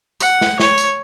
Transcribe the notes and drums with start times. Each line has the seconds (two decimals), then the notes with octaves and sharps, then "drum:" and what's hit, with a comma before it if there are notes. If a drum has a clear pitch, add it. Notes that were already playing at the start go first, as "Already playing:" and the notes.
0.20 F#5, drum: tambourine
0.41 drum: snare
0.60 C#5, drum: snare
0.78 drum: tambourine